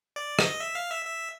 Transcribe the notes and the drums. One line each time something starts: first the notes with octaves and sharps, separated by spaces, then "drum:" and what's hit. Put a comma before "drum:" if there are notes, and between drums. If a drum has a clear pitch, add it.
D5
D#5, drum: rim click
E5
F5
E5
E5